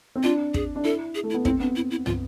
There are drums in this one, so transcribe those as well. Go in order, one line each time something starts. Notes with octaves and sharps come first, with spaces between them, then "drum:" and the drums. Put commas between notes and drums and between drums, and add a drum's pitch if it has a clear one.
C4
D4 F4
G#4, drum: kick
D4
E4 A4
G#4
A3
E4
B3
C4 E4, drum: kick
B3 D4
E4
E4
F4, drum: tom